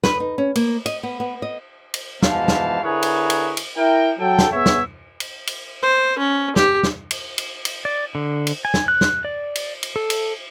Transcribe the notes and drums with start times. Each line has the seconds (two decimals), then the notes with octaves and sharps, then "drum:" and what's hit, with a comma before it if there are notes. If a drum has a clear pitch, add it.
0.04 B4, drum: snare
0.20 D#4
0.38 C#4
0.55 A#3, drum: cymbal
0.86 D#5, drum: cymbal
1.03 B3
1.20 B3
1.42 D#5
1.94 drum: cymbal
2.22 G#2 B2 E3 F3 F5 A5, drum: snare
2.48 drum: snare
2.82 D3 E4 G#4 A#4 B4 C#5
3.03 drum: cymbal
3.30 drum: cymbal
3.57 drum: cymbal
3.77 E4 A#4 G5
4.19 F#3 A4 G5
4.39 drum: snare
4.51 B3 G#4 C#5 E5
4.66 drum: snare
5.20 drum: cymbal
5.47 drum: cymbal
5.83 C5
6.19 C#4
6.56 G4, drum: snare
6.83 drum: snare
7.11 drum: cymbal
7.38 drum: cymbal
7.65 drum: cymbal
7.85 D5
8.15 D3
8.47 drum: cymbal
8.65 G#5
8.74 drum: snare
8.88 F#6
9.01 drum: snare
9.25 D5
9.55 drum: cymbal
9.83 drum: cymbal
9.96 A4
10.10 drum: cymbal